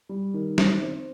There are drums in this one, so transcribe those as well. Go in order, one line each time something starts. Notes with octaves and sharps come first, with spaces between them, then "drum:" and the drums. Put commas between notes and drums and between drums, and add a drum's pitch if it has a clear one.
G3
D#3
C4, drum: snare
C4